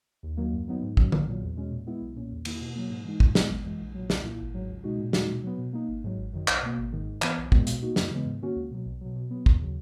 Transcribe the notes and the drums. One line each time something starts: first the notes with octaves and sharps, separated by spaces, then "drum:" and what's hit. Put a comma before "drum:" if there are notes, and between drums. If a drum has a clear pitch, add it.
D#2
D#3 F#3 A#3
F#2
D#3 F#3 B3 D#4
G#2
D#3 F#3 C#4, drum: kick
A#1, drum: tom D3
A#2 F#3
E2
B2 G#3 C#4
A#2
G#3 B3 E4
B1
A#2 A#3 C#4
E2
D#3 A#3 E4, drum: cymbal
B2
F#3 A#3
G#2
E3 G#3 D#4
A#2, drum: kick
G#3 B3, drum: snare
G#1
F#2 E3 G#3
A#1
A#2 F#3
B1, drum: snare
A#2 A#3 E4
G#1
G#2 F#3
C#2
B2 G#3 D#4 F#4
A#2
G#3 D#4 F#4, drum: snare
B2
F#3 B3
B2
A#3 D#4
G#1
G#2 F#3
G#1
F#2 D#3
B1, drum: clap
B2 A#3
G#1
G#2 D#3
G#2
E3 B3, drum: clap
B1
A#2 G#3 B3, drum: kick
B2, drum: hi-hat
A#3 D#4 F#4
F#2, drum: snare
C#3 E3 G#3 B3
G#2
D#3 A#3 C#4 F#4
C#2
B2 F#3
B1
B2 F#3
B2
F#3 B3
D#2, drum: kick
C#3 F#3